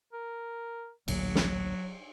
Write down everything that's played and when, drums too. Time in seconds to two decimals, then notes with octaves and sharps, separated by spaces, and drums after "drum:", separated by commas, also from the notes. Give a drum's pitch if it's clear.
0.13 A#4
1.08 A1 D2 A#2 F#3, drum: cymbal
1.35 drum: snare